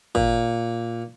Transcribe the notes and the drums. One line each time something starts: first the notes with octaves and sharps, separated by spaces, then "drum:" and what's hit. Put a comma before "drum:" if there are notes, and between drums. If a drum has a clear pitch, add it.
A#2, drum: kick G#1